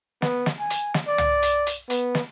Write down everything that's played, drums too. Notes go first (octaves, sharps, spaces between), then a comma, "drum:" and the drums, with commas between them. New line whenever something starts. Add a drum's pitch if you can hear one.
B3, drum: snare
drum: snare
G#5
drum: hi-hat
drum: snare
D5
drum: tom
drum: hi-hat
drum: hi-hat
B3, drum: hi-hat
drum: snare